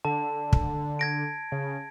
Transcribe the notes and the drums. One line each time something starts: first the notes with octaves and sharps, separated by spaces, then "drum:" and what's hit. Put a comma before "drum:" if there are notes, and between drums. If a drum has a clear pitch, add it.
D3 A5
drum: kick
G#6 A#6 D7
C#3